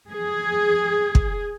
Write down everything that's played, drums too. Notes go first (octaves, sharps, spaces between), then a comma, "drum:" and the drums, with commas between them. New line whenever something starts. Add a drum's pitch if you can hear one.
G#4
drum: kick